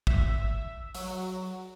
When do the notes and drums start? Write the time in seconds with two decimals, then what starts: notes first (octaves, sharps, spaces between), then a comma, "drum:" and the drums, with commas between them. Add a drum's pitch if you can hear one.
0.07 E5, drum: kick
0.95 F#3, drum: open hi-hat